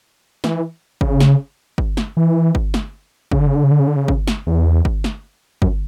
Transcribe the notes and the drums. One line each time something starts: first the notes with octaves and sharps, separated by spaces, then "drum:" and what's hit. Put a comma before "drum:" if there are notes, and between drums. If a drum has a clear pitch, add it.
E3, drum: snare
C#3, drum: kick G1
drum: snare
drum: kick G1
drum: snare
E3
drum: kick G1
drum: snare
C#3, drum: kick G1
D3
C#3
D3
C#3
D3
C#3
D3
C#3
drum: kick G1
drum: snare
E2
drum: kick G1
drum: snare
F#2, drum: kick G1